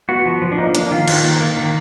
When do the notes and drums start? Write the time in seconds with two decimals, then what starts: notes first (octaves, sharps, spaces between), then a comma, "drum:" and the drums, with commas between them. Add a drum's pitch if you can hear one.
0.09 B3 F#4
0.26 F3
0.42 F3
0.52 D4
0.58 A#3 D#4
0.75 A#3 D4, drum: hi-hat
0.91 D#3 F4
1.08 D#3, drum: cymbal
1.24 A#3
1.41 A#3
1.57 D#3